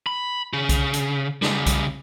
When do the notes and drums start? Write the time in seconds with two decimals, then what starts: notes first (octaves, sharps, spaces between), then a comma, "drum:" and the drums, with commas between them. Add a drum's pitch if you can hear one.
0.07 B5
0.53 C#3
0.69 drum: kick B1, hi-hat
0.94 drum: hi-hat
1.42 C#3 G3, drum: snare
1.66 drum: kick B1, hi-hat